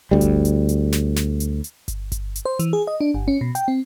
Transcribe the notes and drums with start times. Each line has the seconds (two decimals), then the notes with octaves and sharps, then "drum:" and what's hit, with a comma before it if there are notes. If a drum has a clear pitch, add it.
0.11 D2 G3
0.21 drum: kick G1, hi-hat
0.45 drum: hi-hat
0.69 drum: hi-hat
0.92 drum: snare
1.16 drum: snare
1.40 drum: hi-hat
1.64 drum: hi-hat
1.88 drum: kick G1, hi-hat
2.12 drum: kick G1, hi-hat
2.36 drum: hi-hat
2.45 C5
2.59 E3, drum: hi-hat
2.73 G#4
2.87 D#5
3.01 D4
3.14 G1
3.28 C#4
3.41 B2
3.55 G5, drum: hi-hat
3.68 C4